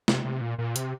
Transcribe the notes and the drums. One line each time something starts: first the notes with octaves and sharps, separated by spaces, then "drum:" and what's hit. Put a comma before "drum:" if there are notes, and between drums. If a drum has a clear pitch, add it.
C3, drum: snare
C3
A#2
A#2
C3, drum: hi-hat